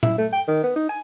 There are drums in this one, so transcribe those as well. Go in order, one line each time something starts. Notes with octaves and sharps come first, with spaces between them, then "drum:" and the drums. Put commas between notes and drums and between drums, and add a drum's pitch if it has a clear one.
E4, drum: tom A#2
A3
G5
D#3
B3
D#4
G#5